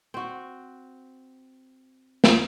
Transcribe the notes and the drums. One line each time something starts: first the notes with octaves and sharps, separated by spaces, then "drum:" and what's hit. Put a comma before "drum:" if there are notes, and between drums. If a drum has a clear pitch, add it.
C4 F#4
drum: snare